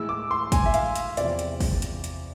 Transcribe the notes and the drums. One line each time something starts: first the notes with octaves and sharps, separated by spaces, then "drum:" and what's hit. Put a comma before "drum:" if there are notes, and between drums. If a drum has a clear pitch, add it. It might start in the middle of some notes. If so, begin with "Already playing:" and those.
Already playing: A2 E3 G#3 E6
D6
C6
G#5, drum: kick, hi-hat
E5
F5, drum: hi-hat
drum: hi-hat
E2 C3 F3 D5, drum: hi-hat
drum: hi-hat
drum: kick, open hi-hat
drum: hi-hat
drum: hi-hat